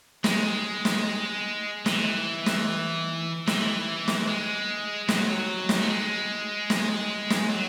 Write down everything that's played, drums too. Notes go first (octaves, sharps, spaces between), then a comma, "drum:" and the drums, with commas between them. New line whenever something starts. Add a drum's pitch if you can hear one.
G#3, drum: snare
drum: snare
E3, drum: snare
drum: snare
E3, drum: snare
drum: snare
G#3
F#3, drum: snare
drum: snare
A3
G#3
drum: snare
drum: snare
F#3